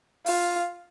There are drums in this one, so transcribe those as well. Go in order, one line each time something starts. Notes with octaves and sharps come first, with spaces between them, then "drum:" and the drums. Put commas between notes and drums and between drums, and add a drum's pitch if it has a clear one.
F4, drum: open hi-hat